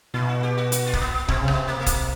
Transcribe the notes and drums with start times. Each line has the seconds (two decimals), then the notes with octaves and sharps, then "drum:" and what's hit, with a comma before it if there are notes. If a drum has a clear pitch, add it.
0.14 B2 E4
0.29 F#4
0.43 G4
0.58 F#4
0.72 F#4, drum: hi-hat
0.86 F4
0.93 A#3, drum: kick
1.01 B3
1.14 B3
1.28 C3 C4, drum: kick
1.42 C#3
1.48 B3, drum: rim click
1.53 C3
1.67 A#3
1.80 A3
1.86 A#3, drum: kick, hi-hat